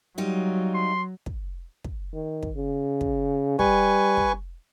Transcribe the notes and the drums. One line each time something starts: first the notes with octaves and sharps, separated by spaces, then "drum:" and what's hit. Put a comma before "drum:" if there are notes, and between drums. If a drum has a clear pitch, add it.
F#3 G3 D#4 F4
C6
drum: kick
drum: kick
D#3
drum: kick
C#3
drum: kick
G3 B4 G#5 C#6, drum: kick
drum: kick